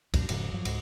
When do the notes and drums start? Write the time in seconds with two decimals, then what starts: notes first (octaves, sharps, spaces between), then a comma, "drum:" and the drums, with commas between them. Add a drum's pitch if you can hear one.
0.14 F2 A#2 G3 D4, drum: kick, cymbal
0.29 E1 G#2 C#3 F3, drum: cymbal
0.53 G2 F3 F#3
0.65 C#2 G#2, drum: cymbal